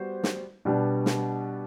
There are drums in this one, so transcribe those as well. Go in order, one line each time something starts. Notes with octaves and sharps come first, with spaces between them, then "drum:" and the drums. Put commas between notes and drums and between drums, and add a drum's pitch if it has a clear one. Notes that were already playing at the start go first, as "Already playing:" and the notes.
Already playing: G3 B3 F#4 C5
drum: snare
B2 G3 B3 D4
drum: snare